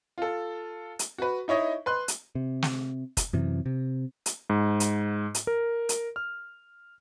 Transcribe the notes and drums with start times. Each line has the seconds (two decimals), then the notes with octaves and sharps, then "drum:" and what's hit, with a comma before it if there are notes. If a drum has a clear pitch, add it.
0.18 F4 A4
0.99 drum: hi-hat
1.18 F#4 B4
1.48 D#4 E4 C#5 D#5
1.86 B4 C6 F#6
2.08 drum: hi-hat
2.35 C3
2.62 drum: snare
3.17 drum: kick, hi-hat
3.33 F#2 C3 E3
3.66 C3
4.26 drum: hi-hat
4.50 G#2
4.80 drum: hi-hat
5.35 drum: hi-hat
5.47 A#4
5.89 drum: hi-hat
6.16 F6